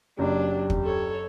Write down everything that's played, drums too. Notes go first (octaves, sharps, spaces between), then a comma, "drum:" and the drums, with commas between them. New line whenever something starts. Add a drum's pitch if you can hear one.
F#1 F#3 D4 G4
drum: kick
A4 C#5